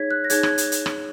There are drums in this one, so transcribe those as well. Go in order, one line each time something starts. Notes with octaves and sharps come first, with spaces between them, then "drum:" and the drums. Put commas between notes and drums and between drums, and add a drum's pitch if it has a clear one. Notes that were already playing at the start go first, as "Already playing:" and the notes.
Already playing: D#4 G#4 C#5 G#6 B6
F#6
A#6
D#4 G#4 C#5 G#6, drum: hi-hat
G#6, drum: rim click
drum: hi-hat
drum: hi-hat
drum: rim click